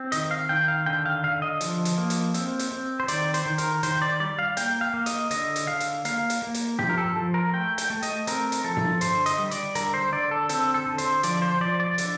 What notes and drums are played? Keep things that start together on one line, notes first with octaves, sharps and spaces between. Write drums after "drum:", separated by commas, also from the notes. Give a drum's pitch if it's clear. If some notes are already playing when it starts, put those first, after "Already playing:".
Already playing: C4
D#3 D#5, drum: hi-hat
F5
D#3 G5
F5
D3 G5
F5
D3 F5
D#5
F3, drum: hi-hat
drum: hi-hat
A#3
drum: hi-hat
C4, drum: hi-hat
drum: hi-hat
C4
C5
D#3 D5, drum: hi-hat
C5, drum: hi-hat
D#3
A#4, drum: hi-hat
D#3 C5, drum: hi-hat
D5
G3 D5
F5
A#3 G5, drum: hi-hat
F5
A#3
D#5, drum: hi-hat
D3 D#5, drum: hi-hat
drum: hi-hat
D3 F5
drum: hi-hat
A#3 F5, drum: hi-hat
drum: hi-hat
A#3
drum: hi-hat
F3 G4, drum: tom G2
A#4
A4
F3
A#4
A3 G5
G5, drum: hi-hat
A3
D#5, drum: hi-hat
C4 A#4, drum: hi-hat
drum: hi-hat
F3 A4
drum: tom G2
D3 C5, drum: hi-hat
D#5, drum: hi-hat
G3
D5, drum: hi-hat
D3 A#4, drum: hi-hat
C5
D3 D5
A4
C4 A4, drum: hi-hat
A4
D3
C5, drum: hi-hat
F3 D5, drum: hi-hat
C5
F3 D5
D5
D3, drum: hi-hat